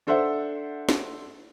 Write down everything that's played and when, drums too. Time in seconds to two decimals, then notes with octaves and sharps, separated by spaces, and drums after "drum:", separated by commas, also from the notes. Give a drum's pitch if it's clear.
0.07 D4 A4 C5 E5 F#5
0.89 drum: snare